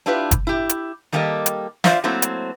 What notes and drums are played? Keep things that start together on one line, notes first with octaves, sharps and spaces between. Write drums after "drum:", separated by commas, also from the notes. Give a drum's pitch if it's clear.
D4 E4 F4 G4 B4
drum: kick F#1, hi-hat
E4 G4
drum: hi-hat
D#3 G3 A#3 G4 A4 D#5
drum: hi-hat
F4 C5 D5 E5 F5, drum: snare
F#3 A3 A#3 C4 E4 C5
drum: hi-hat